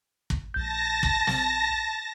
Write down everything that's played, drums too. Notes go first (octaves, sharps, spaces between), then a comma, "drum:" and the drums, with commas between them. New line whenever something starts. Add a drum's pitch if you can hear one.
drum: kick
A#1 A5 G6 A#6
drum: kick
drum: snare